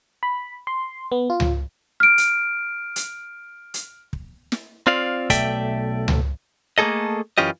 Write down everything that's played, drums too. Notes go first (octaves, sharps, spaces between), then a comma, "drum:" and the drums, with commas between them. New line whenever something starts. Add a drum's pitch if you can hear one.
B5
C6
B3
F4
drum: tom C#2
F6 D7
drum: hi-hat
drum: hi-hat
drum: hi-hat
drum: kick
drum: snare
C4 F4 D5 F5
B1 B2 A3 D5 E5 G5, drum: kick, hi-hat
drum: tom C#2
A3 A#3 C4 G#4 A4 D#5
F#2 E3 C#4 F4 G4 D#5